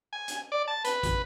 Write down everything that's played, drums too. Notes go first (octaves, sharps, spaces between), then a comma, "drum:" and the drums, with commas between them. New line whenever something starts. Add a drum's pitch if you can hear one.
G#5
drum: hi-hat
D5
A5
B4, drum: hi-hat
drum: kick, hi-hat